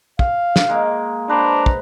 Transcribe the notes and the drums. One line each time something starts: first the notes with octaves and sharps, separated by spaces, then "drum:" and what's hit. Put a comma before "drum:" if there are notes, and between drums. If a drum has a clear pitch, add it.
F5, drum: kick
drum: snare
G#3 A#3
D4 B4 C5 A#5
drum: kick